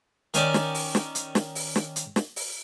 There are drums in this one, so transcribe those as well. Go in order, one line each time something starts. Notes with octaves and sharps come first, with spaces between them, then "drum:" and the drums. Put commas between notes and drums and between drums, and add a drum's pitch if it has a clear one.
D#3 C#4 D5, drum: hi-hat
drum: snare
drum: open hi-hat
drum: snare
drum: hi-hat
drum: snare
drum: open hi-hat
drum: snare
drum: hi-hat
drum: snare
drum: open hi-hat